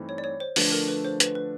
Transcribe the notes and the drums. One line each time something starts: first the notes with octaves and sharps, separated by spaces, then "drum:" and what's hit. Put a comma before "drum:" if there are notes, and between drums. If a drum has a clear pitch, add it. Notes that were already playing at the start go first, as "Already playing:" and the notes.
Already playing: G2 E3 A3 C4 D#4
C#5
D5
C#5
C5
D3 F3 A3 D4 B4, drum: open hi-hat
A#4
B4
C5
B4, drum: hi-hat
B4